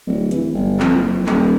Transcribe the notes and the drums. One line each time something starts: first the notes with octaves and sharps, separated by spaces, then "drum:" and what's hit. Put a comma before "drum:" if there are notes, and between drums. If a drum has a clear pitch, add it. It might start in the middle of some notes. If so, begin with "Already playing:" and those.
D1
E3, drum: hi-hat
G1
F2, drum: clap
F#1
D#1, drum: clap